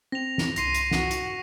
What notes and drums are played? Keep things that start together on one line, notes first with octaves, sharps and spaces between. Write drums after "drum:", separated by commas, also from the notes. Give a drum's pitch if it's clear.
C4 A#6 F7
drum: snare
C2 C6 A#6 C7 D#7, drum: hi-hat
drum: hi-hat
F#4, drum: snare
drum: hi-hat